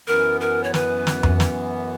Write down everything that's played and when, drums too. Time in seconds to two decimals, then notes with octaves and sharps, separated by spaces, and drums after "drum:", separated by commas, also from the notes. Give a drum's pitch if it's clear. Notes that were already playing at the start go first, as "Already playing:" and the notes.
0.08 F#2 E3 B3 A#4
0.41 A#4
0.64 C#5
0.74 B4, drum: snare
1.07 drum: snare
1.23 drum: tom F2
1.40 drum: snare